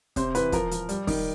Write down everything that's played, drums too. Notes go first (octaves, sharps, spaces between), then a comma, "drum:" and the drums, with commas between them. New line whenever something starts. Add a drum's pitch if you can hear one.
C3 C5, drum: kick, hi-hat
E3 B4, drum: hi-hat
F3 A#4, drum: kick, hi-hat
F3, drum: hi-hat
G3, drum: hi-hat
D#3, drum: kick, open hi-hat